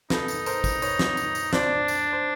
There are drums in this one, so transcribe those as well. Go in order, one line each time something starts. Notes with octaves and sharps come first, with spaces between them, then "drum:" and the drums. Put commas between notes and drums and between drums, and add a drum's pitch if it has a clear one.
D#4 A4 B4, drum: snare
drum: tambourine
A#4 C5, drum: tambourine
drum: kick G#1, tambourine
B4 C#5, drum: tambourine
drum: snare
drum: tambourine
drum: tambourine
D4 C5 D5, drum: snare
drum: tambourine
C5